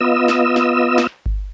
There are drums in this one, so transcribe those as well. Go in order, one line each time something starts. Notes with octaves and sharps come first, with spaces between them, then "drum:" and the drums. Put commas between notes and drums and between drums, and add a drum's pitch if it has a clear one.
B3 F4 D#5 E6
drum: snare
drum: snare
drum: snare
drum: kick G1